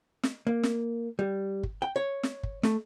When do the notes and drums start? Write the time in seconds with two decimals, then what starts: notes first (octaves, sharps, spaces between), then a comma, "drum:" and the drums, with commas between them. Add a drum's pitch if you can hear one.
0.23 drum: snare
0.47 A#3
0.63 drum: snare
1.19 G3
1.63 drum: kick
1.82 G5
1.96 C#5
2.23 drum: snare
2.43 drum: kick
2.63 A3, drum: snare